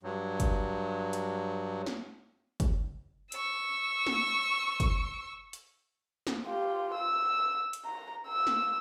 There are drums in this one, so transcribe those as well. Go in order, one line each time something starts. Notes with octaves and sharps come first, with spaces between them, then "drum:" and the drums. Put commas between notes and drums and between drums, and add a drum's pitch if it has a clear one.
G2 F#3
drum: kick, hi-hat
drum: hi-hat
drum: snare
drum: kick, hi-hat
C#6 E6, drum: hi-hat
drum: snare
drum: kick, hi-hat
drum: hi-hat
drum: snare
F4 G4
E6
drum: hi-hat
A#5
E6
drum: snare